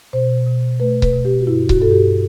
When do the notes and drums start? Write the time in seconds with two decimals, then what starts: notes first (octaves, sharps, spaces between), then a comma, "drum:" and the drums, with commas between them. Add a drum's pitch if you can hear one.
0.13 B2 C5
0.47 B2
0.80 A3 B4
1.02 B4, drum: kick C#1
1.13 B2
1.25 G4
1.41 F#4
1.47 G2 E4
1.69 F#4, drum: kick C#1
1.80 G2 A4
1.91 G4